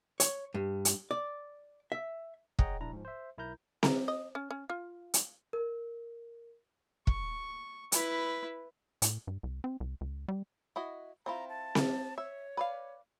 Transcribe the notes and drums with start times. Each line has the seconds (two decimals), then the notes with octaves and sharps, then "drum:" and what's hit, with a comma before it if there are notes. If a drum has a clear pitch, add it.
0.20 C#5, drum: hi-hat
0.54 G2
0.85 drum: hi-hat
1.11 D5
1.92 E5
2.59 G#4 C#5 D#5 F#5 G5 A#5, drum: kick
2.81 A#1 D4 E4 A#5
2.93 G#2 F3
3.05 C5 E5
3.38 B1 E4 A#4 A#5 G6
3.83 A#5, drum: snare C4
4.08 D#5
4.35 C#4
4.50 C#4
4.70 F4
5.14 drum: hi-hat
5.53 A#4
7.07 C#6, drum: kick
7.92 E4 B4, drum: hi-hat
9.02 A2, drum: hi-hat
9.27 G2
9.43 C2
9.64 C4
9.80 C2
10.01 C#2
10.28 G3
10.76 E4 F#4 D#5
11.26 C4 E4 F4 A#5
11.49 A5
11.75 drum: snare C4
12.18 C#5 E5
12.57 B4 D5 F5